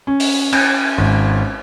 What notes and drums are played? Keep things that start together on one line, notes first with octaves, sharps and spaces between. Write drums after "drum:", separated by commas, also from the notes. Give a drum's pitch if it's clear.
C#4
drum: open hi-hat
C#4, drum: cymbal
G#1